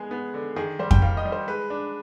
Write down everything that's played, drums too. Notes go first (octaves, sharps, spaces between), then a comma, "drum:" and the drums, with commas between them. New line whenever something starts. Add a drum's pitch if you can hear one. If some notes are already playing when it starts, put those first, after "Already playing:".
Already playing: G#3 B3 G#4
B3
D3
D#3 G#4
G3 C5
G5, drum: kick F2
D#3 F5
D#5
G3
C5
G#3 B4
D4